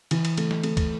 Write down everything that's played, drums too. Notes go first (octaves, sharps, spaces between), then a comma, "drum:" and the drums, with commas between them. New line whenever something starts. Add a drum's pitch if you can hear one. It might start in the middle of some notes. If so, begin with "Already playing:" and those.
E3, drum: cymbal
drum: cymbal
A3, drum: cymbal
drum: snare
A3, drum: cymbal
drum: kick, cymbal